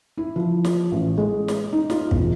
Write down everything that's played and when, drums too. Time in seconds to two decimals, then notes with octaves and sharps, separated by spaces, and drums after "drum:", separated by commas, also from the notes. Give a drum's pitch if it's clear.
0.17 E4
0.36 F3
0.65 drum: snare
0.92 A1
1.18 G#3
1.48 drum: snare
1.73 D#4
1.90 F4, drum: snare
2.11 E1, drum: kick